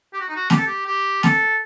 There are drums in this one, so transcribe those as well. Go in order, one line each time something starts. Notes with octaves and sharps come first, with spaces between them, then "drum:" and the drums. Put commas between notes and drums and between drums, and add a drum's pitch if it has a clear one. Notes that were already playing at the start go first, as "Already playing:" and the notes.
G4
F#4
D#4
F#4
G4, drum: snare
A4
G4
G4
A4, drum: snare